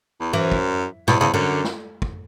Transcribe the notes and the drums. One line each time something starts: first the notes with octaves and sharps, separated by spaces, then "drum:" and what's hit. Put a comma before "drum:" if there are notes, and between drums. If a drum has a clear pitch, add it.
E2
F#2 E3
drum: kick
E2 B2, drum: snare
E2 C#3
F#2 D3
drum: snare
drum: kick